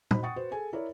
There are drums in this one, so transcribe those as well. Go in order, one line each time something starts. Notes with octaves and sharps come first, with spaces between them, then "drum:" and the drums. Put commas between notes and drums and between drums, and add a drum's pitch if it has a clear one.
D#4 F#4 C5 B5, drum: tom
F#5 G5 C#6 D#6 A6 C#7
F#4 B4 C5
G#4 A4 G#5
E4 A#4 C#5 D5